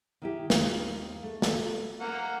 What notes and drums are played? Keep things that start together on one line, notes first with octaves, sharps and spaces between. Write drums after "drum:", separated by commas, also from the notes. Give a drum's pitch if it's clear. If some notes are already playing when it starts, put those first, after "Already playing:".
D#3 E4 G4
D#2 D#3 G#3, drum: snare
A3
drum: snare
A#3 F#5